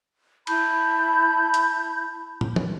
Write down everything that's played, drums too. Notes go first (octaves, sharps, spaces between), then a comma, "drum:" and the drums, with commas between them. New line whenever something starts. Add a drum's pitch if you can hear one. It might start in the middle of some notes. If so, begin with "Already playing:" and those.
E4 A5 B5 G6, drum: cymbal
drum: hi-hat
drum: tom
drum: tom